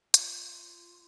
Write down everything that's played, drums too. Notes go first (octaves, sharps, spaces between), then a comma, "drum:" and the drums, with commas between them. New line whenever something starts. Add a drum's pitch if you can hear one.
F4, drum: hi-hat